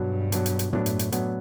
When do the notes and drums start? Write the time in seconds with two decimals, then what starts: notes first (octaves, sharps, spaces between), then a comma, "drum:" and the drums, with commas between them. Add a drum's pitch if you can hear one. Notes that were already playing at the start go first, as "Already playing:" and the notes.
Already playing: G2 B2 F#3 B3 D4
0.32 B2 F#3 B3 D4, drum: hi-hat
0.46 drum: hi-hat
0.59 drum: hi-hat
0.73 A2 F#3 B3 D4, drum: tom
0.86 drum: hi-hat
0.99 drum: hi-hat
1.12 F#3 B3 D4, drum: hi-hat